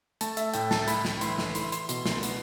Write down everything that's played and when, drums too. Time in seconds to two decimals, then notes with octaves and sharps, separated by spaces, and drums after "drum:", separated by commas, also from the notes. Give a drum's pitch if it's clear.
0.21 A3 A5, drum: hi-hat
0.37 E5, drum: hi-hat
0.54 A2 G5, drum: hi-hat
0.71 A5, drum: snare
0.88 E4 B5, drum: hi-hat
1.05 drum: snare
1.21 E3 C6, drum: hi-hat
1.38 drum: snare
1.55 E4 C6, drum: hi-hat
1.72 C6, drum: hi-hat
1.89 B2 C6, drum: hi-hat
2.06 C6, drum: snare
2.23 B3, drum: hi-hat